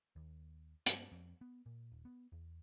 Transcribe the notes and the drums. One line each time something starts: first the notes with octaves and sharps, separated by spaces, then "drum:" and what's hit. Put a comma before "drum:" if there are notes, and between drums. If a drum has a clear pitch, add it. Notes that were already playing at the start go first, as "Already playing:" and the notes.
D#2
G2, drum: hi-hat
F2
B3
A#2
D#1
B3
E2